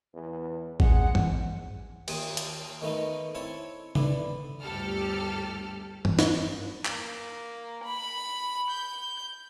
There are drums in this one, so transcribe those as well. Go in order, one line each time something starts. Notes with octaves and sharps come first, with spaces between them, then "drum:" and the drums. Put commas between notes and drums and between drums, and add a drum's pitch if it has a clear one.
E2
G#3 F#5, drum: kick A1
drum: tom G2
D#2 D#6, drum: cymbal
drum: hi-hat
D#3 A3 B3 D#4
C4 E4 C#5 A5
D3 B3 D4 E4, drum: tom C#3
G1 D2 G4 A4 A5 F6
drum: tom G2
drum: snare
A#3, drum: clap
B5
G6